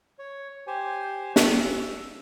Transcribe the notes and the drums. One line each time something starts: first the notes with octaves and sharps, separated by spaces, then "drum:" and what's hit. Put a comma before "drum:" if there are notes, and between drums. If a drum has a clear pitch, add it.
C#5
G4 C5 G#5
drum: snare
E6